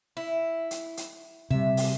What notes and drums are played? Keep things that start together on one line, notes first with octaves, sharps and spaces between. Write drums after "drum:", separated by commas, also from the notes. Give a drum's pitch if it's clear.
E4
drum: hi-hat
drum: hi-hat
C3 G3 E5
drum: open hi-hat